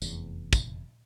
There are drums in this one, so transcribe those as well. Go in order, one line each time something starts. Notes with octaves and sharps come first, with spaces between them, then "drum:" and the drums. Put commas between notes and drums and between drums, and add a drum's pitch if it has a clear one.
F1 E2, drum: tambourine
drum: kick, tambourine